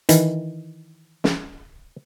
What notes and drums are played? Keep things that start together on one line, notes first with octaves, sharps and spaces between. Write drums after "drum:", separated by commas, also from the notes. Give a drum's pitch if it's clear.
D#3 E3, drum: hi-hat
drum: snare